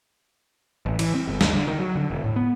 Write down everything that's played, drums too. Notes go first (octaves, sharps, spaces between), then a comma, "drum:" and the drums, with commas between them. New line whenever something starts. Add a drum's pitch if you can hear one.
A1
E3, drum: cymbal
C4
G1
D#2, drum: snare
D3
D#3
F#3
D3
E1
A2
B3